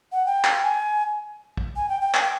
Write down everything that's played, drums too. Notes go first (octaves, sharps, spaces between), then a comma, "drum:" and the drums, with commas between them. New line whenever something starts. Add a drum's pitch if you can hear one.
F#5
G5
drum: clap
G#5
drum: kick
G#5
G5
G5
G#5, drum: clap
G5